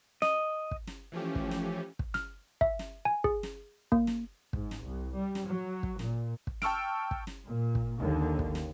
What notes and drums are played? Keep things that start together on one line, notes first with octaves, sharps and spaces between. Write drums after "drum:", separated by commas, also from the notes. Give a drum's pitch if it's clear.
D#5, drum: snare
drum: kick
drum: snare
E3 F3 A3 C#4 G4
drum: kick
drum: snare
drum: kick
F6, drum: snare
E5, drum: kick
drum: snare
G#5
G#4, drum: kick
drum: snare
A#3, drum: kick
drum: snare
G#2, drum: kick
drum: snare
C2
G3
drum: snare
F#3
drum: kick
A#2, drum: snare
drum: kick
G5 A5 C#6 E6 F6 D7, drum: snare
drum: kick
drum: snare
A#2
drum: kick
D#2 D3
drum: kick
drum: snare